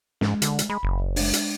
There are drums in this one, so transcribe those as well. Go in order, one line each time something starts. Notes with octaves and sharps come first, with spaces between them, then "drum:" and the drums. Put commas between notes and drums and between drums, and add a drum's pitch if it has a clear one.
G#2 G#3, drum: snare
D3, drum: hi-hat
drum: hi-hat
G#3 B5
F#1
G#3 D4, drum: open hi-hat
drum: hi-hat